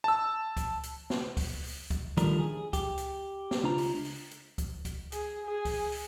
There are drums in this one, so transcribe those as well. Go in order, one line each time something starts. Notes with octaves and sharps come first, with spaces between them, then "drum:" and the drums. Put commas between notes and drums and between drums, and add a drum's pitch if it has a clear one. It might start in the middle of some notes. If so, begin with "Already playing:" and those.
A5 E6
drum: kick C#2, hi-hat
drum: hi-hat
drum: snare
drum: kick C#2, open hi-hat
drum: open hi-hat
drum: kick C#2, hi-hat
D#3 F3 G3 A3 D4 A#4, drum: hi-hat
G#4
G4, drum: kick C#2, hi-hat
drum: hi-hat
drum: snare
C#2 D4 F4 A#5
drum: open hi-hat
drum: open hi-hat
drum: hi-hat
drum: kick C#2, hi-hat
drum: kick C#2, hi-hat
G#4, drum: hi-hat
G#4
drum: kick C#2, open hi-hat
drum: open hi-hat